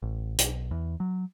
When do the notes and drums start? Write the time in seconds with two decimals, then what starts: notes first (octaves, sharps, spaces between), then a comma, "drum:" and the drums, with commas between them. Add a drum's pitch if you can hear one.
0.02 A1
0.39 B1, drum: hi-hat
0.71 E2
1.00 F#3